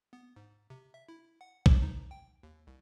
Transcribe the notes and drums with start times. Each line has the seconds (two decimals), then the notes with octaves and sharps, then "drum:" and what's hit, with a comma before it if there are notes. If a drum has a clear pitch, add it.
0.13 B3
0.36 G#2
0.70 C3
0.94 E5
1.09 E4
1.41 F#5
1.66 D6, drum: kick B1
1.82 D#4
2.11 G5
2.43 D#2
2.67 C2